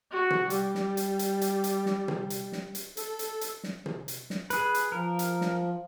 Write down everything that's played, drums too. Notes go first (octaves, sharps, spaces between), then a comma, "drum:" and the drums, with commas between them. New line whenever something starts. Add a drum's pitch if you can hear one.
F#4
drum: tom
G3, drum: hi-hat
drum: snare
drum: hi-hat
drum: hi-hat
drum: hi-hat
drum: hi-hat
drum: snare
drum: tom
drum: hi-hat
drum: snare
drum: hi-hat
A4, drum: hi-hat
drum: hi-hat
drum: hi-hat
drum: snare
drum: tom
drum: hi-hat
drum: snare
G#4 B4, drum: hi-hat
drum: hi-hat
F3 A#4
drum: hi-hat
drum: snare